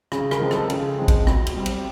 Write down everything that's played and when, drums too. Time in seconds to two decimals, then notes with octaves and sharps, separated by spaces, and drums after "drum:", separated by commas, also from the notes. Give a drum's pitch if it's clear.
0.12 C#3, drum: rim click
0.31 A#4, drum: rim click
0.41 F3 G#3 C4
0.51 A4, drum: rim click
0.70 C#3, drum: cymbal
0.98 F3 G#3 C4
1.08 drum: kick A1, cymbal
1.27 B2, drum: rim click
1.46 drum: cymbal
1.56 G3 C4
1.66 drum: cymbal